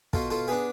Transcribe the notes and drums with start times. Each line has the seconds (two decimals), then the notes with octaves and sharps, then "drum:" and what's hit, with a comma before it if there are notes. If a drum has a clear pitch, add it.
0.13 B2 F4 A4, drum: kick
0.30 F4 A4
0.48 B3 D4 G#4